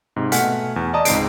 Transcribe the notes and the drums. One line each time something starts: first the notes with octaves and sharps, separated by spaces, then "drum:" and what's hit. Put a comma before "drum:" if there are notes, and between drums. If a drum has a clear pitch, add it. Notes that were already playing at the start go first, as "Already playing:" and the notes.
G#2 C3
B2 A3 F#5 G#5 F6 B6, drum: hi-hat
E2
D5 D#5 A5 A#5 D#6
C#2 G#2 C4 C7 D7, drum: hi-hat